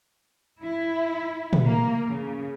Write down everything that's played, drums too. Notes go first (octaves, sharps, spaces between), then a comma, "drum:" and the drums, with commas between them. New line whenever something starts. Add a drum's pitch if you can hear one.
E4
drum: tom
A#3
C#3